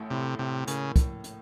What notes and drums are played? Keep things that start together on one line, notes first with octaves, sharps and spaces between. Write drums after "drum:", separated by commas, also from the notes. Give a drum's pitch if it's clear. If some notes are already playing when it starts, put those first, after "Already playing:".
Already playing: A1 A2 A3
A2 C3
A2 C3
C#3 A#3, drum: hi-hat
drum: kick, hi-hat
drum: hi-hat